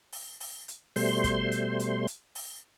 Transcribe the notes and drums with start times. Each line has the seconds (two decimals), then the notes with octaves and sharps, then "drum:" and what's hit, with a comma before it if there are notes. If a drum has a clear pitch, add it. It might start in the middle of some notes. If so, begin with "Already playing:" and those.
0.12 drum: open hi-hat
0.40 drum: open hi-hat
0.68 drum: hi-hat
0.96 B2 G3 A3 C5 C6, drum: open hi-hat
1.24 drum: kick, hi-hat
1.52 drum: hi-hat
1.79 drum: hi-hat
2.07 drum: hi-hat
2.35 drum: open hi-hat